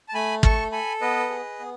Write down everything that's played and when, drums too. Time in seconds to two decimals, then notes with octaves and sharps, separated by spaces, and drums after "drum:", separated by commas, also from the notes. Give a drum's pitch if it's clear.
0.09 A5
0.14 A3 G#5 B5
0.43 A4 A5 C#6, drum: kick
0.72 A4 G#5 B5
1.01 B3 B4 D#5
1.30 G#4
1.60 B3